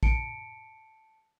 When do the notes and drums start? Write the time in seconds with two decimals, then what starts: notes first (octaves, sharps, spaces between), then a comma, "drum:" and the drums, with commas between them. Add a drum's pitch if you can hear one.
0.03 A5 C#7 D7, drum: kick